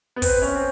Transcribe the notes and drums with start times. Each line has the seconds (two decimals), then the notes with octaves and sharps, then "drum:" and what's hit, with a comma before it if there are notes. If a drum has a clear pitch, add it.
0.16 B3
0.22 C4 B4, drum: kick, open hi-hat
0.42 C#4
0.56 C4